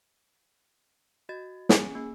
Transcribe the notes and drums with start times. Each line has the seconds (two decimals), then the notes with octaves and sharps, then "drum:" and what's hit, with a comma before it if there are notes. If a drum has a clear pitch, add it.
1.29 F#4 D#5 A6
1.69 C#4 G#4 G#5, drum: snare
1.95 A#3